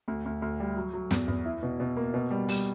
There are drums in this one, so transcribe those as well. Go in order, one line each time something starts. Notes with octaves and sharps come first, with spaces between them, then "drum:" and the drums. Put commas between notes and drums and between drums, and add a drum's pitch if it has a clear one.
D2
D2
D2
G3
F#3
F#3
E2, drum: snare
E2
E4
B2
B2
A#3
B2
G3
G3, drum: open hi-hat